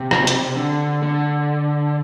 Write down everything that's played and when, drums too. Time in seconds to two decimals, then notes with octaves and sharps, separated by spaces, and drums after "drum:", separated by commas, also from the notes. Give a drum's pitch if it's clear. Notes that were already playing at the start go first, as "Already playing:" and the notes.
Already playing: C3
0.11 drum: rim click
0.27 drum: hi-hat
0.56 D3
1.03 D3